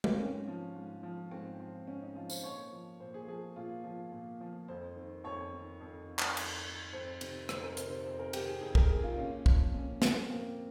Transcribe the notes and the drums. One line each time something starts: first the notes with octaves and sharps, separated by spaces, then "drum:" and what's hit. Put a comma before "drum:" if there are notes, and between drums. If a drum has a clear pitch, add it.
A#3, drum: tom G#3
C4
G#2 C#4
F3
G#2
F3
G#2 C4
F3
G#2 C#4
D#4
F3 F4
C5, drum: tambourine
A#2 C#5
F3
A#2 C5
G#4
F3 G#4
A#2 F4
F3
A#2
F3
F2 C5
D#3
F2 C#5
D#3
F2
D#3
drum: clap
F2, drum: cymbal
D#3
F2 C5
C3 D#3, drum: cymbal
F2 C5, drum: rim click
A#4
C3 D#3 C5, drum: hi-hat
C5
F2 C5
A#4
C3 D#3 G4, drum: cymbal
G#4
F2 G#4
A#4, drum: kick
C3 D#3 G#4
F4
A#2 C#4
F3, drum: kick
A#2 C#4
F3 C4, drum: snare
A#3
A#2 C4